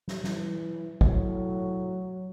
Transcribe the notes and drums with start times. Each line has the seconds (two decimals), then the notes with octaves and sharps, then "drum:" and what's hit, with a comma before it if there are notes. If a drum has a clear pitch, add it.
0.08 drum: snare
0.24 E3, drum: snare
1.01 A2 F#3, drum: kick